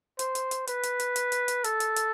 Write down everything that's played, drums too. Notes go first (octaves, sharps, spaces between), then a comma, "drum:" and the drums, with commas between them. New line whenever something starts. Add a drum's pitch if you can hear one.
C5, drum: hi-hat
drum: hi-hat
drum: hi-hat
B4, drum: hi-hat
drum: hi-hat
drum: hi-hat
drum: hi-hat
drum: hi-hat
drum: hi-hat
A4, drum: hi-hat
drum: hi-hat
drum: hi-hat